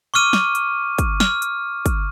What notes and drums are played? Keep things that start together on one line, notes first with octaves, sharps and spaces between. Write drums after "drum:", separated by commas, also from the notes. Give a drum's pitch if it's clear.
C#6 D6 F6 D#7
drum: snare
drum: hi-hat
drum: kick, hi-hat
F6, drum: snare
drum: hi-hat
drum: kick, hi-hat